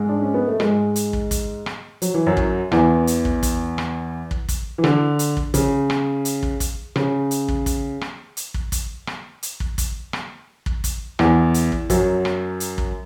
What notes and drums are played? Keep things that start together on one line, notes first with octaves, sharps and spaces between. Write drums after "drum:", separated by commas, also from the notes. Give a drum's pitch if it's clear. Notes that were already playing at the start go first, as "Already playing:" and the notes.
Already playing: G#2 G#3
D4
C#4
B3
A3
G#2 G#3, drum: rim click
drum: hi-hat
drum: kick
drum: kick, hi-hat
drum: rim click
F#3, drum: hi-hat
E3
F#2 F#3
drum: kick
E2 E3, drum: rim click
drum: hi-hat
drum: kick
drum: kick, hi-hat
drum: rim click
drum: kick
drum: kick, hi-hat
E3
D3, drum: rim click
drum: hi-hat
drum: kick
C#3, drum: kick, hi-hat
drum: rim click
drum: hi-hat
drum: kick
drum: kick, hi-hat
C#3, drum: rim click
drum: hi-hat
drum: kick
drum: kick, hi-hat
drum: rim click
drum: hi-hat
drum: kick
drum: kick, hi-hat
drum: rim click
drum: hi-hat
drum: kick
drum: kick, hi-hat
drum: rim click
drum: kick
drum: kick, hi-hat
E2 E3, drum: rim click
drum: hi-hat
drum: kick
F#2 F#3, drum: kick, hi-hat
drum: rim click
drum: hi-hat
drum: kick